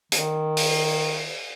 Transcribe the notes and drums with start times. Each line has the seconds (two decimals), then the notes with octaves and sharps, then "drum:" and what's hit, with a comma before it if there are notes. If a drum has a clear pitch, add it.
0.12 D#3, drum: hi-hat
0.57 drum: open hi-hat